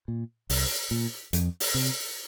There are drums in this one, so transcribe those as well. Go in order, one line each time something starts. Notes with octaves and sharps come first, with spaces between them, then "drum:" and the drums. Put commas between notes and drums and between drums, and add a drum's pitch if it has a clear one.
A#2
C2, drum: open hi-hat
A#2
F2, drum: hi-hat
drum: open hi-hat
C3